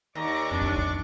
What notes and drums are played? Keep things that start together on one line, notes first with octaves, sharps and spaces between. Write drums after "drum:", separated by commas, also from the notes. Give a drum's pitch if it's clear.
D#2 D5 A#5 C#6 D6
F2 D4
drum: kick
drum: kick